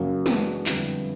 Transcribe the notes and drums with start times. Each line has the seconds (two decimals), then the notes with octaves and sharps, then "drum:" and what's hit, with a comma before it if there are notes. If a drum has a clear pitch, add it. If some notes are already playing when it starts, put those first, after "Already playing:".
Already playing: F#2 C#3 F#3 A#3
0.26 E3 G#3 B3 D4 F#4, drum: snare
0.66 F2 D3 G3 B3 E4, drum: clap